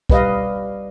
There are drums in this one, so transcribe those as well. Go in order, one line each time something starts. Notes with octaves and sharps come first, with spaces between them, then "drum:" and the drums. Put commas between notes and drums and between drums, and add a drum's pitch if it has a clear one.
G3 B4 D#5 F5, drum: kick